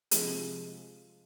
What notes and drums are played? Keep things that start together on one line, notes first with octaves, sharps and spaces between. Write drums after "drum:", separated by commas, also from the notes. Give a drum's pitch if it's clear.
C3 F3 G#3, drum: hi-hat